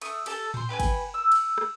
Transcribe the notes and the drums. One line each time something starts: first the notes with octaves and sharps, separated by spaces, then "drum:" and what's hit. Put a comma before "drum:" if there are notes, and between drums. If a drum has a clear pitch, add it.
A3 D#6, drum: cymbal
G4 A4 A5, drum: cymbal
C5 C6, drum: tom A2
G4 B4 G5 G#5
drum: kick, cymbal
E6
drum: cymbal
drum: rim click